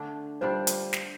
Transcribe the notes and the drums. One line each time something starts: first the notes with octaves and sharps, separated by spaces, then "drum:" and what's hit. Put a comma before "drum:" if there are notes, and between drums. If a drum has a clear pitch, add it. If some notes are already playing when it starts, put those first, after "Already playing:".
Already playing: D3 A3 D4
G3 D4 F4 C5
drum: hi-hat
drum: snare